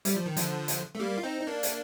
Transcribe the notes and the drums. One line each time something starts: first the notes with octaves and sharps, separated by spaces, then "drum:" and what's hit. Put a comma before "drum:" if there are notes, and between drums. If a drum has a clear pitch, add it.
G3, drum: hi-hat
F3
D#3
D3 F3, drum: hi-hat
drum: hi-hat
A3
G3 A#3
F4
C4 D#4
D#4
A#3 D4
drum: hi-hat